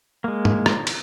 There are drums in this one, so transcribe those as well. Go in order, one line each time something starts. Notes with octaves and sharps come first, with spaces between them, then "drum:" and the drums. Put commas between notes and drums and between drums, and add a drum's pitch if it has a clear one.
G#3 A#3
drum: tom
drum: rim click
drum: cymbal